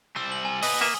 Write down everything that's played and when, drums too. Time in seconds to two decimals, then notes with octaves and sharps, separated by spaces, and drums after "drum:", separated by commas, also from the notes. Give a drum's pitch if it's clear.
0.16 G3 C5 E6
0.32 F#7
0.45 G#5
0.63 B4 D#5 D#6, drum: open hi-hat
0.81 A#3 E5 G#5